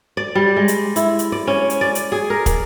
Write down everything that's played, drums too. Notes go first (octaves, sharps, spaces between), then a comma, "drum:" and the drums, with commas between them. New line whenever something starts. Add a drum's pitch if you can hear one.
D5
G3
G#3
drum: hi-hat
E4, drum: hi-hat
drum: hi-hat
D5
C#4
drum: hi-hat
D5
drum: hi-hat
G#4
A#4
drum: kick, hi-hat